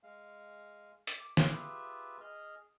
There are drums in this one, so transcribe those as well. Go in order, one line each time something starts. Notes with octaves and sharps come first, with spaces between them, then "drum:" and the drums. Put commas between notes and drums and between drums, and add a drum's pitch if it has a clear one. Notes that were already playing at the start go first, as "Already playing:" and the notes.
G#3 F5
drum: hi-hat
D6
F4 G4 G#4 B4 E5, drum: snare
G#4 D#5 F6